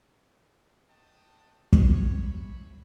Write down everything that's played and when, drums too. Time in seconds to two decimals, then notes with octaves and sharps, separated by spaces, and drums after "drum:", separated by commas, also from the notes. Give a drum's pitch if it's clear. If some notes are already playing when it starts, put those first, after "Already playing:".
0.90 F#4 D#5 G5 A5
1.73 C#5, drum: kick
2.22 G#4 C5 C#5 E5 B5 C#6